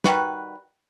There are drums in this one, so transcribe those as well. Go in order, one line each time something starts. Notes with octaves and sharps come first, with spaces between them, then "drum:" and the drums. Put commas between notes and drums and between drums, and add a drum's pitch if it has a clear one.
D#3 G3 F#4 B4, drum: snare